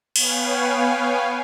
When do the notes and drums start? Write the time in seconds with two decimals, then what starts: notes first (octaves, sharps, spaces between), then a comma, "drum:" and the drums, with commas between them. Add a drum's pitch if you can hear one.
0.16 B3 B4 C#5 F5 G5 G#5, drum: cymbal